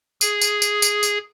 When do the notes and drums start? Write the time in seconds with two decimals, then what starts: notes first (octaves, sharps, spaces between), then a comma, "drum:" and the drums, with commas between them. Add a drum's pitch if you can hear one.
0.21 G#4, drum: tambourine
0.41 drum: tambourine
0.62 drum: tambourine
0.82 drum: tambourine
1.03 drum: tambourine